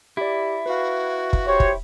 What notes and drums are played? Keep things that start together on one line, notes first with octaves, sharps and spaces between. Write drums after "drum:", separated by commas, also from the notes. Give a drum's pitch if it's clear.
E4 G4 D5
F#4 B4 F5
drum: kick
G4 C5 C#5
drum: kick